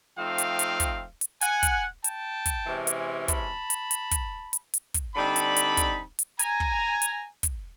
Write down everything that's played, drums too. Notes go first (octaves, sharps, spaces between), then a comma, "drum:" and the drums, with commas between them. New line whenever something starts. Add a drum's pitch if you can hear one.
F3 A3 C4 D#4 F5 G5
drum: hi-hat
drum: hi-hat
drum: kick, hi-hat
drum: hi-hat
F#5 G#5, drum: hi-hat
drum: kick, hi-hat
G5 A5, drum: hi-hat
drum: kick, hi-hat
C3 E3 G#3 C#4
drum: hi-hat
A5 B5, drum: kick, hi-hat
drum: hi-hat
drum: hi-hat
drum: kick, hi-hat
drum: hi-hat
drum: hi-hat
drum: kick, hi-hat
D3 G3 C4 D#4 A5 B5
drum: hi-hat
drum: hi-hat
drum: kick, hi-hat
drum: hi-hat
G#5 A#5, drum: hi-hat
drum: kick
drum: hi-hat
drum: kick, hi-hat